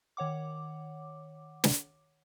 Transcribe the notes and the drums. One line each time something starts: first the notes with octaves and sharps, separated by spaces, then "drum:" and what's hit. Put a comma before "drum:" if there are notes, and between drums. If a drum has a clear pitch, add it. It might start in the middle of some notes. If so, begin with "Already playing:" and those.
D#3 C#5 F#5 D6
drum: snare